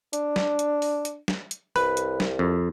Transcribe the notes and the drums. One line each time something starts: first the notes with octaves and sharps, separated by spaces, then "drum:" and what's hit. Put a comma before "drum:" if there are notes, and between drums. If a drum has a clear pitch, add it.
D4, drum: hi-hat
drum: snare
drum: hi-hat
drum: open hi-hat
drum: hi-hat
drum: snare
drum: hi-hat
C2 B4, drum: open hi-hat
drum: hi-hat
drum: snare
F2